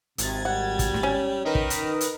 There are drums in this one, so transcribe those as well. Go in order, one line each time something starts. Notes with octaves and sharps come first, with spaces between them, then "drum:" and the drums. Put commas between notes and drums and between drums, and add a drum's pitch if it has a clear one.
G#1 C3 G#6 A6, drum: hi-hat
G3 F#5
drum: kick, hi-hat
drum: snare
C#4
D#3 D#4 A#4 B4
drum: kick
drum: hi-hat
drum: hi-hat